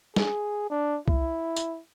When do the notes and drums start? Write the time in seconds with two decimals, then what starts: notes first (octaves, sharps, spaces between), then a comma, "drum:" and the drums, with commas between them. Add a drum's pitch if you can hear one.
0.16 G#4, drum: snare
0.70 D4
1.08 E4, drum: kick C2
1.56 drum: tambourine